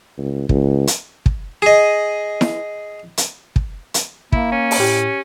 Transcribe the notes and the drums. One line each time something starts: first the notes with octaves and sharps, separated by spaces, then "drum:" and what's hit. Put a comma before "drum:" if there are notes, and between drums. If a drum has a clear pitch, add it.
C#2
C#2, drum: kick
drum: hi-hat
drum: kick
G#4 D#5
drum: snare E4
drum: hi-hat
drum: kick
drum: hi-hat
A#3 E4, drum: kick
C#4
drum: open hi-hat
A2 G4